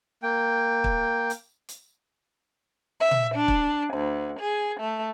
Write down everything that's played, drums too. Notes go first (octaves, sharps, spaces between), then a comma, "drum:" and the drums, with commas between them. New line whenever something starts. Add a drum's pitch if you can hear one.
A#3 G5
drum: kick
drum: hi-hat
drum: hi-hat
E5
drum: tom
D4
drum: kick
D2
G#4
A3